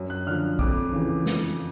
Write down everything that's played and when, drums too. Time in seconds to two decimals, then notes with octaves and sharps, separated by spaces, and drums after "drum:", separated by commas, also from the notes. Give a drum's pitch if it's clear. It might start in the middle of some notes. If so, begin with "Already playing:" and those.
Already playing: F#2
0.10 F#6
0.26 D3 F3 F6
0.59 F2 D6, drum: kick
0.92 C#3 E3
1.26 drum: snare